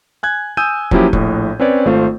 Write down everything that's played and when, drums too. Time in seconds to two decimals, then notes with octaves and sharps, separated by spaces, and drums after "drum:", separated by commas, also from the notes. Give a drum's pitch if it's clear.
0.23 G#5 F#6 G#6
0.57 G#5 D#6 E6 G6 D#7
0.91 F3 F#3 A#3 C#4 E4 G4, drum: kick
1.13 A#1 A2, drum: kick
1.60 C4 C#4 B4 C#5 D5
1.85 G#1 A3 F4 C5